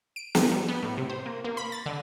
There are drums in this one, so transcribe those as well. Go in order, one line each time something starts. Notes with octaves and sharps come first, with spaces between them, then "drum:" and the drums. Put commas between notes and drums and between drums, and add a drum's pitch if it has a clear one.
D7
F3, drum: snare
G3
B3
A2
C3
C5
A#3
A#3
B5
A6
D3